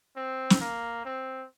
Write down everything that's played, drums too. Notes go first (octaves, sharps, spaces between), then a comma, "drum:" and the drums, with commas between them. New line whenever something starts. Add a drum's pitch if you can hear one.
C4
drum: snare
A#3
C4